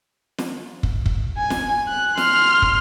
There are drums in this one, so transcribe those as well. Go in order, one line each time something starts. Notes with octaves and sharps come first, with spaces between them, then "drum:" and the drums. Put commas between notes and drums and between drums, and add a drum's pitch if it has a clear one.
drum: snare
drum: kick
drum: kick
G#5
drum: snare
F#6
C6 F6, drum: snare
drum: kick